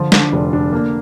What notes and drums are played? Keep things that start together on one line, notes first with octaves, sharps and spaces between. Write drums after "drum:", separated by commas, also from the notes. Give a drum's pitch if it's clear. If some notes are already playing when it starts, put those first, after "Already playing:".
Already playing: D3 F3 F4
D4, drum: snare
F1
D4
A#3